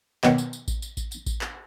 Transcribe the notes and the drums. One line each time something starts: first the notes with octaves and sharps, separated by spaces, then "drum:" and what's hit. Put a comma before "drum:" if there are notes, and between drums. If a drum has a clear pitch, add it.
B2 D#3 F#3, drum: clap
drum: tambourine
drum: tambourine
drum: kick A1, tambourine
drum: tambourine
drum: kick A1, tambourine
drum: tambourine
drum: kick A1, tambourine
drum: clap